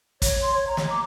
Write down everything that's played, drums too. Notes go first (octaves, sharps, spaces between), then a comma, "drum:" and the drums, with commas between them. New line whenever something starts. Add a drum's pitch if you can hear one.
C#5, drum: kick, hi-hat
C6
C#5
A#5
drum: snare
D6